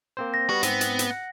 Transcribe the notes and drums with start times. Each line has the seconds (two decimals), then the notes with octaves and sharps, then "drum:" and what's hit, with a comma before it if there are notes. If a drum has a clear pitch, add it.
0.17 A#3 C4 C5
0.34 A#6
0.49 G3 B3 F#4
0.63 G#2 B3 C4, drum: hi-hat
0.81 drum: hi-hat
0.99 drum: hi-hat
1.11 F#5